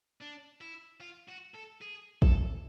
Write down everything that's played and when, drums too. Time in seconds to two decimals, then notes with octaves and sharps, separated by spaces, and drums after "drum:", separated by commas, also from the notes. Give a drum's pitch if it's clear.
0.21 D4
0.61 E4
1.01 F4
1.29 F#4
1.55 A4
1.82 G#4
2.22 A4, drum: kick